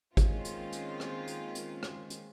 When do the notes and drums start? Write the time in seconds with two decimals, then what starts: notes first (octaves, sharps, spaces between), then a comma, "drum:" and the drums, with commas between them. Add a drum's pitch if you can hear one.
0.17 D#3 G#3 A#3 C4 C#4 F4, drum: kick G#1, hi-hat
0.45 drum: hi-hat
0.72 drum: hi-hat
1.00 drum: rim click
1.28 drum: hi-hat
1.55 drum: hi-hat
1.83 drum: rim click
2.10 drum: hi-hat